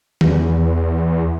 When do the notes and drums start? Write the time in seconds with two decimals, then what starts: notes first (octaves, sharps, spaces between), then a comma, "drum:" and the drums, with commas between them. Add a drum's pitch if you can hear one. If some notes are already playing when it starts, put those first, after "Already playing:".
0.21 E2, drum: tom